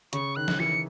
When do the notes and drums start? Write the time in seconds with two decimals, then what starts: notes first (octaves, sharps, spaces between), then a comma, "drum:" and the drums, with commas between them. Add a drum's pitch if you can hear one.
0.13 C#3 C#6, drum: hi-hat
0.36 D#3 F#6
0.48 drum: snare
0.59 E3 C#7